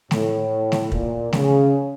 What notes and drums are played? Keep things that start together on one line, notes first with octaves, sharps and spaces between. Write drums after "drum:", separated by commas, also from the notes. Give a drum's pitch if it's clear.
A2, drum: snare A3
drum: snare A3
A#2, drum: kick
C#3, drum: snare A3